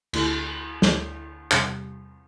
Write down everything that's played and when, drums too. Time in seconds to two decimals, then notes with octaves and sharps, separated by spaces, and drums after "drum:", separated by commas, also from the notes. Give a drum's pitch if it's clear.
0.13 D2 D3 A3 E4 A4, drum: cymbal
0.82 D2 D3 A3 E4 A4, drum: snare
1.51 E2 C3 G3, drum: clap